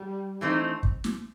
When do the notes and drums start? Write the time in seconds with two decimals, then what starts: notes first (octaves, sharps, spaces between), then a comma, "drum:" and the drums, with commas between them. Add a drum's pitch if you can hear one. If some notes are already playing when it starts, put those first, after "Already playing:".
Already playing: G3
0.41 E3 A3 C4 D#4
0.83 drum: kick
1.04 drum: snare